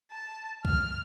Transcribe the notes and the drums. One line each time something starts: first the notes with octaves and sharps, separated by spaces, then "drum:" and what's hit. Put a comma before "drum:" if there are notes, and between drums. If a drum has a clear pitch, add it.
A5
F6, drum: kick